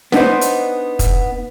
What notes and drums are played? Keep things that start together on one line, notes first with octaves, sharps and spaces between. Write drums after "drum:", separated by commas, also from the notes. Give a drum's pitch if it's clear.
B3 D4 D#4 C5, drum: snare
drum: hi-hat
drum: kick, hi-hat